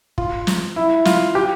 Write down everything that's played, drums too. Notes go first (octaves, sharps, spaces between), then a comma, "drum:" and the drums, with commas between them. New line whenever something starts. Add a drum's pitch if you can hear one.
F4, drum: kick
drum: snare
E4
F4, drum: snare
G4